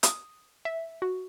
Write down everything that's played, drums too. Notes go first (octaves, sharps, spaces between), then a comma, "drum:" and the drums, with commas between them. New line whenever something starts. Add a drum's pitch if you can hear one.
D#6, drum: hi-hat
E5
F#4